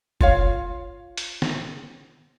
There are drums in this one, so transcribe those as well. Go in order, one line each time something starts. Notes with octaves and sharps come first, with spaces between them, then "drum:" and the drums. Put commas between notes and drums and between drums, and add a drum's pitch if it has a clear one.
F4 C#5 F5, drum: kick F1
drum: hi-hat
drum: snare